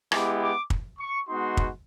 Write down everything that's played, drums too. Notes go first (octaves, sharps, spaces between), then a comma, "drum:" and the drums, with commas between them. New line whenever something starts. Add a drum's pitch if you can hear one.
G#3 B3 E4 G4 D6, drum: rim click
D6
drum: kick
C#6
G#3 B3 D#4 F#4 C6
drum: kick